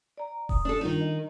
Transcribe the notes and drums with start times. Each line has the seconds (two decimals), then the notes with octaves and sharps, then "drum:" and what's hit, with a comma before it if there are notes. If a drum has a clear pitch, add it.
0.17 D5 A#5
0.49 D#6, drum: kick E1
0.65 D4 A4
0.81 D#3 G3 D4 D#4 F4
1.01 D#5